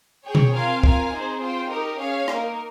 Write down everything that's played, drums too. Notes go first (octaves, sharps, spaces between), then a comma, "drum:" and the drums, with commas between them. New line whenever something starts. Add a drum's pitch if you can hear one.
G#4 C#5 G5
drum: tom B2
C4 F4 A#4 F5 G#5
F4 A#4 F5 G#5, drum: kick
C4 D#4 G#4 C5
F4 C5 G5
D#4 G4 A#4 D#5
C#4 G#4 C#5 F5
A#3 D#4 A#4, drum: rim click